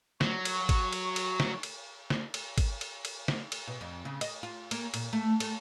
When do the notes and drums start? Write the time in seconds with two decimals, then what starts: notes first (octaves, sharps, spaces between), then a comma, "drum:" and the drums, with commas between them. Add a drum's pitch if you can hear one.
0.21 F#3 C#6, drum: snare
0.45 drum: cymbal
0.69 drum: kick, cymbal
0.93 drum: cymbal
1.16 drum: cymbal
1.40 drum: snare
1.63 drum: cymbal
2.10 drum: snare
2.34 drum: cymbal
2.58 drum: kick, cymbal
2.81 drum: cymbal
3.05 drum: cymbal
3.28 drum: snare
3.52 drum: cymbal
3.67 B2
3.81 F2
4.05 C#3
4.21 D#5, drum: cymbal
4.43 F4
4.71 A#3, drum: cymbal
4.94 A#2, drum: cymbal
5.13 A3
5.40 A3, drum: cymbal